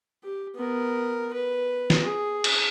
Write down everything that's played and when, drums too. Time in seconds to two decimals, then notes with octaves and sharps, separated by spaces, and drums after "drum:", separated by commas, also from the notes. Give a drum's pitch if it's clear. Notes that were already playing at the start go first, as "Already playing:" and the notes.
0.24 G4
0.56 B3 A#4
1.33 B4
1.90 drum: snare
2.03 G#4
2.44 drum: cymbal